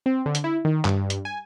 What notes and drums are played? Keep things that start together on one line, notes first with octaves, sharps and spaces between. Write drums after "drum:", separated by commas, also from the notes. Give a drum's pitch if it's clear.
C4
D3
drum: hi-hat
E4
D#3
G2, drum: clap
drum: hi-hat
G#5